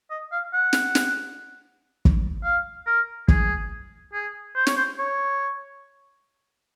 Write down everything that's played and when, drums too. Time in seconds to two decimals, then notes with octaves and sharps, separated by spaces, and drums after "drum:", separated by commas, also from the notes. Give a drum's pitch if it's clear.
0.11 D#5
0.32 F5
0.53 F#5
0.73 drum: snare
0.95 drum: snare
2.05 drum: kick
2.44 F5
2.87 A#4
3.28 G#4, drum: kick
4.13 G#4
4.56 C5
4.67 C#5, drum: snare
4.77 C5
4.99 C#5